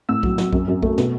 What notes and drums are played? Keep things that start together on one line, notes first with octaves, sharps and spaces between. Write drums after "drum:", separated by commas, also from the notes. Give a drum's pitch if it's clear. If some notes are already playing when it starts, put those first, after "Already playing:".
A2 E6
F#3, drum: kick B1
F#3, drum: snare
F#2, drum: kick B1
F#2
A3, drum: kick B1
B2, drum: snare